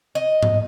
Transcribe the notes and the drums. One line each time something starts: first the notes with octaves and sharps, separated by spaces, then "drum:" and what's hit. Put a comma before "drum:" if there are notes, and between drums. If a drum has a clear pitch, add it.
D#5
drum: tom G#2